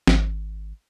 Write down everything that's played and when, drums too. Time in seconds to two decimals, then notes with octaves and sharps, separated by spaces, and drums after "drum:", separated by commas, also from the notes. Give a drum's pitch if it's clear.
0.07 G#1, drum: snare